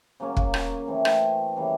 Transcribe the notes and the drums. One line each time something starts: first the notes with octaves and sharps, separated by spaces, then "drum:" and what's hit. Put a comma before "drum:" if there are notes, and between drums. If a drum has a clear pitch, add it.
C#3 F#3 A#3 C#4
drum: kick
drum: rim click
E3 A3 C4
drum: rim click
C#3 E3 G3 A#3